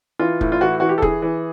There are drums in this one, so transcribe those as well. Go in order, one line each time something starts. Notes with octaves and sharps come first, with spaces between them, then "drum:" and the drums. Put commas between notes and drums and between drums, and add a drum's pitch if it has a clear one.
E3 F4
A2, drum: kick
F4
E3 F#4
E3 F#4
G4
A4
E3 G#4, drum: kick
E3